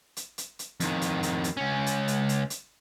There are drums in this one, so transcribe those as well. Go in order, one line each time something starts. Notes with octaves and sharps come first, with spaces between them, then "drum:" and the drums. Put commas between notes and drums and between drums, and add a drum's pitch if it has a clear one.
drum: hi-hat
drum: hi-hat
drum: hi-hat
F2 D#3, drum: hi-hat
drum: hi-hat
drum: hi-hat
drum: hi-hat
C#2 C#4
drum: hi-hat
drum: hi-hat
drum: hi-hat
drum: hi-hat